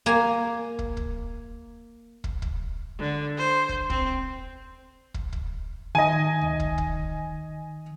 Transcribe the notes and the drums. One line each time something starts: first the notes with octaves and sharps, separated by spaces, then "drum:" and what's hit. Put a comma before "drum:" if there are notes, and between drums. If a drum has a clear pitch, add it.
A#3 G#5 A#5
drum: kick
drum: kick
drum: kick
drum: kick
D3
C5
drum: kick
C4, drum: kick
drum: kick
drum: kick
D#3 D#5 G#5
drum: tom C#2
drum: kick
drum: kick